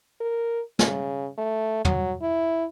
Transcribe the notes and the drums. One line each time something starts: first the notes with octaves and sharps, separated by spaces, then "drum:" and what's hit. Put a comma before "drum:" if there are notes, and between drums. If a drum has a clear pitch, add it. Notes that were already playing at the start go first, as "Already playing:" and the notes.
A#4
C#3, drum: snare
A3
F#3, drum: tom
E4